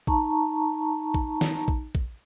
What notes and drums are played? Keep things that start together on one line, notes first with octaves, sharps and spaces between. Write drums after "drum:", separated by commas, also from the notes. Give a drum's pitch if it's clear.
D#4 A5 A#5 C#6, drum: kick
drum: kick
drum: snare
drum: kick
drum: kick